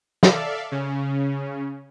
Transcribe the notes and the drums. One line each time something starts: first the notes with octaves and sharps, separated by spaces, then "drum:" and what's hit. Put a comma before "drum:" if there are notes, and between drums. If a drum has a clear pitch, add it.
A4 D5 E5 F5, drum: snare
C#3 C#4